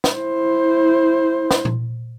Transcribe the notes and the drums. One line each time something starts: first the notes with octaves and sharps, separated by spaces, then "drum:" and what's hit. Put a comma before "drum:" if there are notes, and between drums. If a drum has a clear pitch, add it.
drum: snare
E4 C5
drum: snare
drum: tom A#2